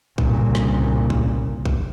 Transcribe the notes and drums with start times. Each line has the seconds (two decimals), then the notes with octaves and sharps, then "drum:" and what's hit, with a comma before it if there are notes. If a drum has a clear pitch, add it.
0.18 C2 G2 A#2 C#3, drum: kick
0.55 drum: snare
1.10 drum: kick
1.65 drum: kick